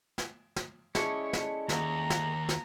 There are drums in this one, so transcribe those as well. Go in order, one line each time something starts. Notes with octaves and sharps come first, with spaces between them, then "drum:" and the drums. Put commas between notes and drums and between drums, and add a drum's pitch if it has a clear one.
drum: snare
drum: snare
G#3 A3 C#4 E4 C#5 D5, drum: snare
drum: snare
D#2 A#5, drum: snare
drum: snare
drum: snare